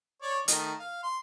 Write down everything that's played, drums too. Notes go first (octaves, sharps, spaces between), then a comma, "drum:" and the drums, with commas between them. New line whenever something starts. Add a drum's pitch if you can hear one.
C#5 D5
D#3 A3 D#5, drum: hi-hat
F5
C6